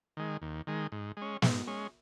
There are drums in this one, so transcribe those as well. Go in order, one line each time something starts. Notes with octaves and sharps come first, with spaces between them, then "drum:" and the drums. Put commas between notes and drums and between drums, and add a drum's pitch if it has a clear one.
D#3 G#3
D#2
D#3 G#3
G#2
G#3 C#4
G#2, drum: snare
G#3 C#4